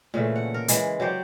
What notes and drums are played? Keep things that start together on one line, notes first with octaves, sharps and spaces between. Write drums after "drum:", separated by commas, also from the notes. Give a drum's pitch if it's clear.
A#2 C#3 E3 A3
F#5
A#4
E3 G#3, drum: hi-hat
F#3 G4 C5 D5